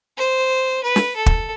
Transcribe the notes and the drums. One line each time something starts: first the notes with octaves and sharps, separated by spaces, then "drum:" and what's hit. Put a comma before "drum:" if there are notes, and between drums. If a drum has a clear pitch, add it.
C5
B4
drum: snare
A4
drum: kick